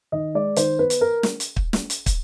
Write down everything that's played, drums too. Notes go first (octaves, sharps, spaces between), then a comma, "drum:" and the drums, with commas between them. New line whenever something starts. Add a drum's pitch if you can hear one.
D#3 D#5
G#3 D5
D#3 C5, drum: hi-hat
B3 B4
drum: hi-hat
A#4
drum: snare
drum: hi-hat
drum: kick
drum: snare
drum: hi-hat
drum: kick, hi-hat